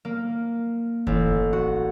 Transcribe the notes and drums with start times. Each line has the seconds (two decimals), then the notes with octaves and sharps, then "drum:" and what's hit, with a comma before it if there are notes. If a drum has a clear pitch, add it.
0.05 A#3
1.07 A1, drum: kick F1
1.53 F#4